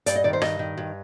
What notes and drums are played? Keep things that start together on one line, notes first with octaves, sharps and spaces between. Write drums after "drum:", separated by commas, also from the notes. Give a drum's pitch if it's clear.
G2 D5, drum: hi-hat
D#5
D#3 D5
C5
G2 D#5, drum: rim click
D#3
G2